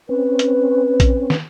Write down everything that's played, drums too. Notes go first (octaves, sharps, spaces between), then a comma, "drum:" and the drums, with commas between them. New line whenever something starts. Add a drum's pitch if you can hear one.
C4 C#4 B4
drum: hi-hat
drum: kick A#1, hi-hat
drum: snare